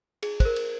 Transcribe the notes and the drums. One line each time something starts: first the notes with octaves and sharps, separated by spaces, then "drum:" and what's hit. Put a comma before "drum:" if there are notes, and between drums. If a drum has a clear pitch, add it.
G#4, drum: cymbal
C5, drum: kick, cymbal
A#4
drum: cymbal